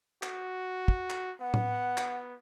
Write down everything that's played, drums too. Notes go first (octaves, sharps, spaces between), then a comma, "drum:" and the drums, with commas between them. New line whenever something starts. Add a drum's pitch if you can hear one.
F#4, drum: clap
drum: kick
drum: clap
B3 F#5
drum: tom A2
drum: clap